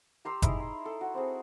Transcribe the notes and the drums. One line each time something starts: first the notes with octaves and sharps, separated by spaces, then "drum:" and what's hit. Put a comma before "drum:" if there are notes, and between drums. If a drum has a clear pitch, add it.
G4 A#5 C6 E6
D#4 E4 G#4 D#5, drum: kick F#1, hi-hat
C6
A4
F#4
C4 G#4